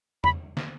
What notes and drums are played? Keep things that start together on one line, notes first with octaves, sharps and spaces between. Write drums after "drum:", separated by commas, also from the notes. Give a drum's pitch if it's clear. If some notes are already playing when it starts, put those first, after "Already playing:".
B5, drum: tom E2
drum: snare